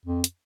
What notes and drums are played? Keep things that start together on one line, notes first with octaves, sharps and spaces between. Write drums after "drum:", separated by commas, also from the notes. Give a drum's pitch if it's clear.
F2
drum: hi-hat